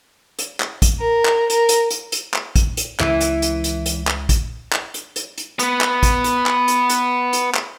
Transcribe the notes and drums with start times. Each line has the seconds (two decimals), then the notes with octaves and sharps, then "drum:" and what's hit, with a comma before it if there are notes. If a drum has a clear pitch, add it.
0.39 drum: hi-hat
0.60 drum: clap
0.82 drum: kick, hi-hat
0.99 A#4
1.25 drum: clap
1.50 A#4, drum: hi-hat
1.69 drum: hi-hat
1.90 drum: hi-hat
2.12 drum: hi-hat
2.34 drum: clap
2.56 drum: kick, hi-hat
2.77 drum: hi-hat
3.00 C#2 E3, drum: clap
3.21 drum: hi-hat
3.42 drum: hi-hat
3.64 drum: hi-hat
3.86 drum: hi-hat
4.07 drum: clap
4.29 drum: kick, hi-hat
4.73 drum: clap
4.94 drum: hi-hat
5.16 drum: hi-hat
5.38 drum: hi-hat
5.59 B3 B4, drum: hi-hat
5.81 drum: clap
6.03 drum: kick, hi-hat
6.24 drum: hi-hat
6.46 drum: clap
6.68 drum: hi-hat
6.89 drum: hi-hat
7.33 drum: hi-hat
7.55 drum: clap